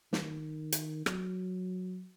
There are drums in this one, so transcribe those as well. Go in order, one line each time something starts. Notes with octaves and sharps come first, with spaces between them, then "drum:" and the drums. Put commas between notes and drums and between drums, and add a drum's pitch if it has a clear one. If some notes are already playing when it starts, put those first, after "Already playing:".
D#3, drum: snare
drum: hi-hat
F#3, drum: rim click